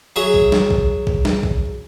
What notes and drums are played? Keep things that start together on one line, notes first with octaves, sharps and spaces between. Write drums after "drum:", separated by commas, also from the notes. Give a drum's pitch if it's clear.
F#3 G#4 E5
drum: kick A#1
drum: snare
drum: kick A#1
drum: kick A#1
drum: snare
drum: kick A#1